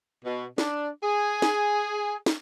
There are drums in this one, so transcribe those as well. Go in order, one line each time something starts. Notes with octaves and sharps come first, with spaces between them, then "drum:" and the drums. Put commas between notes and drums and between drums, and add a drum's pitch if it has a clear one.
B2
D4, drum: snare
G#4
drum: snare
drum: snare